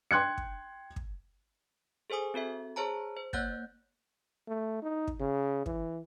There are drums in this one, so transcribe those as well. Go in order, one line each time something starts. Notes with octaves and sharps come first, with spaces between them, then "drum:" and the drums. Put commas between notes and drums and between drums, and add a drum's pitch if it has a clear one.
G5 C6 F#6 G#6 C#7
drum: kick
drum: kick
G#4 A4 C5 G#5 D#6
C4 F#4 A4 E5
G#4 C5 C#5 A5 A#5
C5
A#3 C#5 F#5 F#6 G6 A6, drum: kick
A3
D#4
drum: kick
C#3
E3, drum: kick